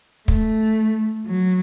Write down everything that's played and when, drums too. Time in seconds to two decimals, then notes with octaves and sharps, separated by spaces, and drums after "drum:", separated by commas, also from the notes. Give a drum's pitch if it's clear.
0.28 A3, drum: kick
1.26 F#3